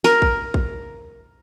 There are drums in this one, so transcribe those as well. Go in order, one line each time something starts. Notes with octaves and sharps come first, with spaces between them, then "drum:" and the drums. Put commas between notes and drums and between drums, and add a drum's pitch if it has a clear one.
A#4, drum: snare
drum: kick
drum: kick